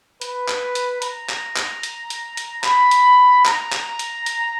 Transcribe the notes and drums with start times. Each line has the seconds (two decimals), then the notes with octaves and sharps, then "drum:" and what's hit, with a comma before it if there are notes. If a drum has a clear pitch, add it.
0.21 B4, drum: hi-hat
0.48 drum: clap
0.75 drum: hi-hat
1.02 A#5, drum: hi-hat
1.29 drum: clap
1.56 drum: clap
1.83 drum: hi-hat
2.10 drum: hi-hat
2.37 drum: hi-hat
2.64 B5, drum: clap
2.91 drum: hi-hat
3.46 A#5, drum: clap
3.72 drum: clap
3.99 drum: hi-hat
4.26 drum: hi-hat